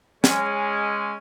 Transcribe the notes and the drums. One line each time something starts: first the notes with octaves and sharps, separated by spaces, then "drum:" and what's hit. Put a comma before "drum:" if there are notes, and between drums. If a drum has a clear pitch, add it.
G#3 C#4, drum: snare